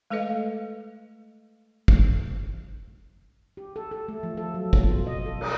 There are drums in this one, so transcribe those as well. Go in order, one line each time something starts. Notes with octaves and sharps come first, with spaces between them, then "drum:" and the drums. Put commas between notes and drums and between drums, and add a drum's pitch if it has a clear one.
G#3 A3 A4 B4 D#5 F5
drum: kick
G4
A4
A4
A3
F3
A4
F#3
B2, drum: kick
F4
D#5
A4
A#4, drum: cymbal